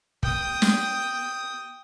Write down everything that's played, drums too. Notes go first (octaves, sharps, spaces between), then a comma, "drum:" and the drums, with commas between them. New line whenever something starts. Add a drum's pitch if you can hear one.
G5 D#6, drum: kick
drum: snare